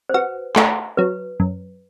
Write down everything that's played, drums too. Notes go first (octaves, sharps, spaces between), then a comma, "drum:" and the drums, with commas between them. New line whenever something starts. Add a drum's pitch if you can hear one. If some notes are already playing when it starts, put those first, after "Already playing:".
C5
F#4 B4
A3, drum: clap
F#3 B4
F#2